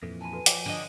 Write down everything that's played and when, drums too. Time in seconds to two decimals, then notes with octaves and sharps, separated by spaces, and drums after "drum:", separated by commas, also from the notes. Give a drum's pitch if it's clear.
0.03 F2 A#2 E3 A4
0.21 G#5 A5 B5
0.33 F#4 A4 B4
0.46 F3 C#5 G5 D6, drum: hi-hat
0.66 D3 D#5